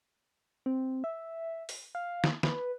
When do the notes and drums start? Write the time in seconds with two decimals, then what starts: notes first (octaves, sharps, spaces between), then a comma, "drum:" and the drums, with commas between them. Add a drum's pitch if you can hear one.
0.66 C4
1.04 E5
1.69 drum: open hi-hat
1.95 F5
2.24 drum: snare
2.43 B4, drum: snare